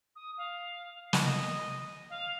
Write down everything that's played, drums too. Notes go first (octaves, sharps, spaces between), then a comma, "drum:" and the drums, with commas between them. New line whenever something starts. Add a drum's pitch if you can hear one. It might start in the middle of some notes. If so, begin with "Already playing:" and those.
D#6
F5
drum: snare
D#5
F5